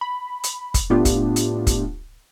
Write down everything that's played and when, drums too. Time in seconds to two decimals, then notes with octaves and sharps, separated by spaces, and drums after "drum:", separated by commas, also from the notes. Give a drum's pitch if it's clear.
0.01 B5
0.44 drum: hi-hat
0.74 drum: kick, hi-hat
0.90 A2 A3 B3 D4 F4 G4
1.05 drum: kick, hi-hat
1.36 drum: hi-hat
1.67 drum: kick, hi-hat